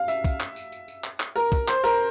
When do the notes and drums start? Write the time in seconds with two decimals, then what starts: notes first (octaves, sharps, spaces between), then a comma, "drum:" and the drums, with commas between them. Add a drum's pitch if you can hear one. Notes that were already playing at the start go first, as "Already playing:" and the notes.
Already playing: F5
0.08 E5, drum: tambourine
0.25 drum: kick, tambourine
0.40 drum: clap
0.56 drum: tambourine
0.72 drum: tambourine
0.88 drum: tambourine
1.04 drum: clap
1.20 drum: clap
1.36 A#4, drum: tambourine
1.52 drum: kick, tambourine
1.68 C5, drum: clap
1.84 A#4, drum: tambourine